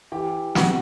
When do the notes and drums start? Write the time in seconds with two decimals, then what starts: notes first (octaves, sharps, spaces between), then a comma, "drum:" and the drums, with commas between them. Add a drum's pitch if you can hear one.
0.12 E3 G4 G5
0.55 C3 F#4 F#5, drum: snare